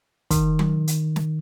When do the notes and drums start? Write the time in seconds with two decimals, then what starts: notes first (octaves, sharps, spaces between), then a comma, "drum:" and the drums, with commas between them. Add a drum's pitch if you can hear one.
0.31 D#3, drum: kick, hi-hat
0.59 drum: tom F#3
0.87 drum: hi-hat
1.16 drum: snare